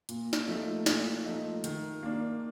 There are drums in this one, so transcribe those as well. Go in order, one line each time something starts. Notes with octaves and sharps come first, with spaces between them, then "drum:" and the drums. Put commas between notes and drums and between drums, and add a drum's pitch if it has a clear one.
A#2, drum: hi-hat
drum: snare
F3 A3 D#4
A#2, drum: snare
F3 A3 D#4
D#3, drum: hi-hat
A#3 D4